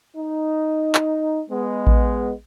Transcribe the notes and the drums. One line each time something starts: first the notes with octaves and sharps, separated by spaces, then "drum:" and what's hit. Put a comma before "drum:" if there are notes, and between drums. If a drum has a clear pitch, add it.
D#4
drum: clap
G#3 B3
drum: kick A1